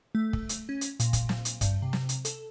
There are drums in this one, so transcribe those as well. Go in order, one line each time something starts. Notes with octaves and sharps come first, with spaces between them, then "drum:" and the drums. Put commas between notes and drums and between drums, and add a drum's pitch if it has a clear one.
A3
drum: kick
drum: hi-hat
C#4
drum: hi-hat
A#2, drum: hi-hat
drum: kick, hi-hat
drum: snare
drum: hi-hat
G2, drum: kick, hi-hat
C3
drum: snare
drum: hi-hat
A4, drum: hi-hat